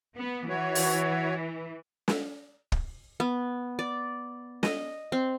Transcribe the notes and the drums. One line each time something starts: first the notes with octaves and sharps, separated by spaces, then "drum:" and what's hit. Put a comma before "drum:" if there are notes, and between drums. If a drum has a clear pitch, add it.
B3
E3 F#4 C#5
drum: open hi-hat
drum: snare
drum: kick
B3
D5
D#5, drum: snare
C4